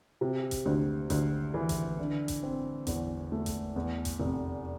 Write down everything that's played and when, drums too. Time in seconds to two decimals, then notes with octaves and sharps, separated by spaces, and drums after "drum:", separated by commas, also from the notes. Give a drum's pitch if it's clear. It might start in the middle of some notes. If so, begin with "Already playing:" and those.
0.21 C3
0.51 drum: kick G#1, hi-hat
0.65 D2
1.10 D2, drum: kick G#1, hi-hat
1.54 E3
1.69 drum: kick G#1, hi-hat
1.99 D3
2.28 drum: kick G#1, hi-hat
2.43 C4
2.87 E2, drum: kick G#1, hi-hat
3.32 A3
3.46 drum: kick G#1, hi-hat
3.76 E2
4.05 drum: kick G#1, hi-hat
4.19 F1